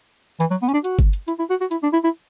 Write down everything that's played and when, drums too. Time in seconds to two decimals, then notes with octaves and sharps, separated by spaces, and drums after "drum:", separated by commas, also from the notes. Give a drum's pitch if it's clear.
0.40 E3, drum: hi-hat
0.51 F#3
0.62 B3
0.69 C#4, drum: hi-hat
0.73 D4
0.84 F#4, drum: hi-hat
0.99 drum: kick G1, hi-hat
1.13 drum: hi-hat
1.28 E4, drum: hi-hat
1.39 E4
1.50 F#4
1.61 F#4
1.71 E4, drum: hi-hat
1.83 D4
1.93 E4
2.04 E4